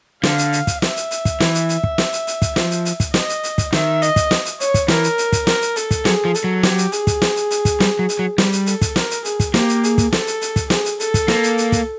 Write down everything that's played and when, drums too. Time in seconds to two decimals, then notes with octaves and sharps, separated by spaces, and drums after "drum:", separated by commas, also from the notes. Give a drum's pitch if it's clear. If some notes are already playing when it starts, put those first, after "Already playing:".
0.23 D3 F5, drum: snare
0.38 drum: hi-hat
0.53 drum: hi-hat
0.67 drum: kick, hi-hat
0.82 E5, drum: snare
0.96 drum: hi-hat
1.11 drum: hi-hat
1.25 drum: kick, hi-hat
1.40 E3, drum: snare
1.54 drum: hi-hat
1.69 drum: hi-hat
1.84 drum: kick
1.98 drum: snare
2.13 drum: hi-hat
2.27 drum: hi-hat
2.42 drum: kick, hi-hat
2.56 F3, drum: snare
2.71 drum: hi-hat
2.85 drum: hi-hat
3.00 drum: kick, hi-hat
3.14 D#5, drum: snare
3.29 drum: hi-hat
3.44 drum: hi-hat
3.58 drum: kick, hi-hat
3.73 D#3 E5, drum: snare
4.02 D#5, drum: hi-hat
4.16 drum: kick, hi-hat
4.31 drum: snare
4.45 drum: hi-hat
4.60 C#5, drum: hi-hat
4.74 drum: kick, hi-hat
4.88 E3 A#4, drum: snare
5.03 drum: hi-hat
5.18 drum: hi-hat
5.33 drum: kick, hi-hat
5.47 A#4, drum: snare
5.62 drum: hi-hat
5.76 A4, drum: hi-hat
5.91 drum: kick, hi-hat
6.05 F#3 G#4, drum: snare
6.25 F3
6.35 A4, drum: hi-hat
6.44 F#3
6.63 G4, drum: snare
6.78 drum: hi-hat
6.92 G#4, drum: hi-hat
7.07 drum: kick, hi-hat
7.22 drum: snare
7.36 drum: hi-hat
7.51 drum: hi-hat
7.65 drum: kick, hi-hat
7.80 G3, drum: snare
7.99 F#3
8.09 drum: hi-hat
8.19 F#3
8.38 G3, drum: snare
8.52 drum: hi-hat
8.66 A4, drum: hi-hat
8.82 drum: kick, hi-hat
8.96 A#4, drum: snare
9.11 drum: hi-hat
9.25 G#4, drum: hi-hat
9.40 drum: kick, hi-hat
9.54 A#3 G4, drum: snare
9.69 drum: hi-hat
9.84 G#4, drum: hi-hat
9.98 drum: kick, hi-hat
10.12 A4, drum: snare
10.27 drum: hi-hat
10.41 drum: hi-hat
10.56 drum: kick, hi-hat
10.70 G#4, drum: snare
10.85 drum: hi-hat
11.00 A4, drum: hi-hat
11.14 drum: kick, hi-hat
11.28 A#3, drum: snare
11.43 drum: hi-hat
11.58 drum: hi-hat
11.72 drum: kick, hi-hat